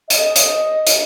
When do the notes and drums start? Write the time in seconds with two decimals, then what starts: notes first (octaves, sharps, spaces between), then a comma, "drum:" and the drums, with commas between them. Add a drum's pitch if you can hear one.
0.10 D#5, drum: hi-hat
0.36 drum: hi-hat
0.87 drum: hi-hat